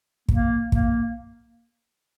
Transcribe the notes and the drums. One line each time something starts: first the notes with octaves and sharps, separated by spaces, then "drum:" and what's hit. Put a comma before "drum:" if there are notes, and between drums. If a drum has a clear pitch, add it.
A#3, drum: kick
A#3, drum: kick